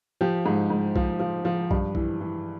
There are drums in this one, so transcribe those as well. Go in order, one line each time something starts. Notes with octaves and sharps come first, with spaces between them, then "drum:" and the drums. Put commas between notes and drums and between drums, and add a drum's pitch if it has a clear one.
F3 G4
G#2
G#2
F3, drum: kick B1
F3
F3
G2, drum: kick B1
E3, drum: kick B1
E3